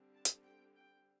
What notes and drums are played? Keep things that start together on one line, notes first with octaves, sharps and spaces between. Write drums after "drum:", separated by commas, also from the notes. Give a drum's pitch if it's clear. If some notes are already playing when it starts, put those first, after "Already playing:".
Already playing: D3 G3 C4
A5
drum: hi-hat
G5
G5